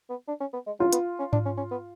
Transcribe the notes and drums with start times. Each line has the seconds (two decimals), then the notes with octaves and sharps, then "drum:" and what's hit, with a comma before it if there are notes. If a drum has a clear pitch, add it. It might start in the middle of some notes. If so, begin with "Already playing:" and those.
0.10 B3
0.28 D4
0.41 C#4
0.54 B3
0.67 G#3
0.80 F#3 F4
0.93 B3, drum: hi-hat
1.19 C#4
1.33 D4, drum: tom G#2
1.46 C#4
1.58 C#4
1.71 B3